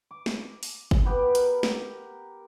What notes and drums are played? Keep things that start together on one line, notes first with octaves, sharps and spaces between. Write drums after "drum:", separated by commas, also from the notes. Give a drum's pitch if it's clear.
D6
drum: snare
drum: open hi-hat
drum: kick
B3 G4 B4
A#4, drum: hi-hat
drum: snare